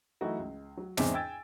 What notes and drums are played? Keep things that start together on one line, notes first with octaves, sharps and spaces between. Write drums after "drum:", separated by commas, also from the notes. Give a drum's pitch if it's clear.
E3 F#3 A3 D#4 E4 F#4
C#2
F#3
E2 G#2 C3 C4 D4, drum: snare
G5 G#5 E6 G#6 A6 D7